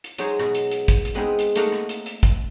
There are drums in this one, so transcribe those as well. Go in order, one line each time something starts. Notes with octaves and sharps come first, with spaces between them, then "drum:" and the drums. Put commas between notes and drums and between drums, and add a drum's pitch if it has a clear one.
drum: hi-hat
F#3 G#3 D#4 C5 C#5, drum: hi-hat
B2, drum: rim click
drum: hi-hat
drum: hi-hat
drum: kick, hi-hat
drum: hi-hat
G#3 B3 C4 D#4 E5
drum: hi-hat
A3 A#3 D#4 A#4 F5 F#5, drum: hi-hat
drum: rim click
drum: hi-hat
drum: hi-hat
drum: kick, hi-hat